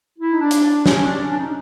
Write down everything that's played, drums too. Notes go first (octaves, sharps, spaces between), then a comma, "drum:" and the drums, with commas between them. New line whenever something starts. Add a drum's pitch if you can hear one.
E4
D#4
D4
drum: hi-hat
D4
C#4, drum: snare
D4
C#4
D4
D#4